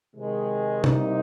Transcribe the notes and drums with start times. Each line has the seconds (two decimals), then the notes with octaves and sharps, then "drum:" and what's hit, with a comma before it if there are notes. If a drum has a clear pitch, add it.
0.14 C3 D#3 G#3
0.84 C2 C3 G3 A#3 D#4, drum: tom